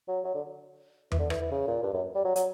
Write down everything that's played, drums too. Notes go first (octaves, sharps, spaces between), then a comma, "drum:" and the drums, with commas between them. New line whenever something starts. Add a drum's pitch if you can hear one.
F#3
F#3
D3
E3, drum: tom E2
D3
E3, drum: rim click
E3
C#3
A#2
G2
F#2
G3
F#3
F#3, drum: hi-hat